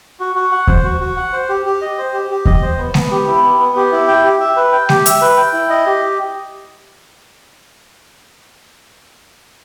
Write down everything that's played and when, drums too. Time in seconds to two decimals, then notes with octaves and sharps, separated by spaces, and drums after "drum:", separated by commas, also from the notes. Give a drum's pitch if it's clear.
0.20 F#4
0.36 F#4
0.52 F#5
0.67 C5, drum: kick D#2
0.84 F#4
1.01 F#4
1.17 F#5
1.32 C5
1.49 G4
1.66 G4
1.82 D#5
1.98 C5
2.13 G4
2.30 G4
2.46 D#5, drum: kick D#2
2.62 C5
2.78 B3
2.94 B3, drum: snare G#3
3.11 G4
3.27 E4
3.43 B3
3.60 B3
3.76 G4
3.92 E4
4.08 G5
4.24 G4
4.40 E5
4.56 B4
4.73 G5
4.89 G4, drum: snare G#3
5.06 E5, drum: hi-hat
5.21 B4
5.37 G5
5.53 E4
5.70 D#5
5.86 G4